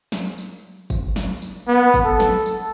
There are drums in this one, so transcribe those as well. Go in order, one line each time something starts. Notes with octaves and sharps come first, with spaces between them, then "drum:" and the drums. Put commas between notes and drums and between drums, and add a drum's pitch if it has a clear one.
drum: snare
drum: tambourine
drum: kick, tambourine
drum: snare
drum: tambourine
B3
drum: kick, tambourine
A4
drum: snare
drum: tambourine